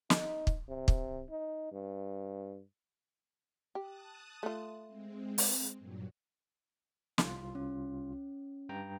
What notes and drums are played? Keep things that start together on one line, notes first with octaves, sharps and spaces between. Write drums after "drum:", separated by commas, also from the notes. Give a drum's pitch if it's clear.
D#4, drum: snare
drum: kick
C3
drum: kick
D#4
G2
G4 A5 D#6 F#6
A3 F4
G#3 C4
drum: open hi-hat
G2 A#2 F#3
C2 F4, drum: snare
C#4
G2 G5 A#5